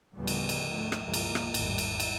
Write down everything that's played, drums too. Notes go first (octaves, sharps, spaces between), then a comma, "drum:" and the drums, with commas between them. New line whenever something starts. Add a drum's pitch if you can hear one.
D2 A2 C#3 F3 G3 B3
drum: cymbal
drum: cymbal
G#2 D3 A3
drum: rim click
C#2 G2 B2 F3 G#3 A#3
drum: cymbal
drum: rim click
G#1 E2 A2 D#3 G3, drum: cymbal
drum: cymbal
drum: cymbal